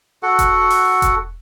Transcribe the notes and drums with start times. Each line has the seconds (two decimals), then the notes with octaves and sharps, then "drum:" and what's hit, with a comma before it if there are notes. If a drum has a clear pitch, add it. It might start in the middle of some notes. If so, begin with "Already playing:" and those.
0.23 F#4 A4 F#5
0.39 drum: kick E1, hi-hat
0.70 drum: open hi-hat
1.02 drum: kick E1, hi-hat